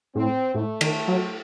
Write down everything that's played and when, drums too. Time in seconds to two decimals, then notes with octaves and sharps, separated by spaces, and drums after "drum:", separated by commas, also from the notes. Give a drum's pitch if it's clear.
0.15 A2 C4
0.54 A2 A3
0.81 D#3, drum: cymbal
1.08 F#3